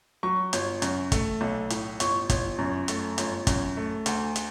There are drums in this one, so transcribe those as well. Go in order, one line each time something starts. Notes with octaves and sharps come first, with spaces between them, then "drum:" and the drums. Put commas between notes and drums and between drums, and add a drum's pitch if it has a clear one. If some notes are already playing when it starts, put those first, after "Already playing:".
F#3 C#6
G1, drum: hi-hat
F#2, drum: hi-hat
A3, drum: kick, hi-hat
B1
A2, drum: hi-hat
G1 C#6, drum: hi-hat
G1, drum: kick, hi-hat
F#2
A3, drum: hi-hat
G1, drum: hi-hat
F#2, drum: kick, hi-hat
A3
D2, drum: hi-hat
drum: hi-hat